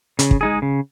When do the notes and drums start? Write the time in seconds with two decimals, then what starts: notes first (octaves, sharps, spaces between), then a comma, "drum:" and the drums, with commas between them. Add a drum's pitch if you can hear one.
0.19 C#3, drum: hi-hat
0.31 drum: kick
0.41 G#3 D#4 G#4
0.62 C#3